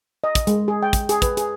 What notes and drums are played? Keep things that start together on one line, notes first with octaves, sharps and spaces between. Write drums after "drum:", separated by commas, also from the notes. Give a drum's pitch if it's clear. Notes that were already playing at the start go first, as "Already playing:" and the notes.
D#5
drum: kick, hi-hat
G#3, drum: hi-hat
G#4
G5
drum: kick, hi-hat
G#4, drum: hi-hat
B4, drum: kick, hi-hat
G#4, drum: hi-hat